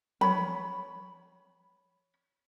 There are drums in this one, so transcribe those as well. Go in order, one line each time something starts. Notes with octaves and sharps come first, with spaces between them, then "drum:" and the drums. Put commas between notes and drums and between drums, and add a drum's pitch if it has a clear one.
C#5 B5, drum: tom F3